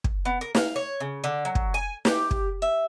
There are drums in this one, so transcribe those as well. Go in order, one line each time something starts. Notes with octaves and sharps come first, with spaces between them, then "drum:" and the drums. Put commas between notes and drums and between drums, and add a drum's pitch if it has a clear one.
drum: kick
B3
A#4
F5, drum: snare
C#5
C#3
D3
F#3
drum: kick
G#5
G4, drum: snare
drum: kick
E5